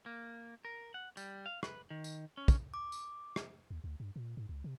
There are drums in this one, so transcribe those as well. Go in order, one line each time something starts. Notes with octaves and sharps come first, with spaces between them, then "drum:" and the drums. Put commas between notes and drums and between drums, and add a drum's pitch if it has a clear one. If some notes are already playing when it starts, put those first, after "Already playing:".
A#3
A#4
F#5
G3, drum: tambourine
F5
B4, drum: rim click
D#3
drum: tambourine
C#4
drum: kick, tambourine
D6
drum: tambourine
drum: rim click
D#2
D2
G2
A#2
G#2
C#2
C3